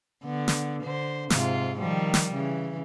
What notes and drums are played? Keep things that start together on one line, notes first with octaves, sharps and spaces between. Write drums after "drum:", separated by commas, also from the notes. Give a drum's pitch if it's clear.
D3 B3
drum: snare
D3 C5
G#2 C3 F4, drum: snare
D#3 F3 G3
drum: snare
C#3 E3